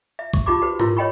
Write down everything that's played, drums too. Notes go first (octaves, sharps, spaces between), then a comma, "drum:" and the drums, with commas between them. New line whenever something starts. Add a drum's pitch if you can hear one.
E5
C#6, drum: kick
D#4 F4 G4 B5 C#6 D6
F#4 G4 B4 C5
E4 F4 A#4 C6, drum: tom G#2
C#5 D#5 G5 B5 C#6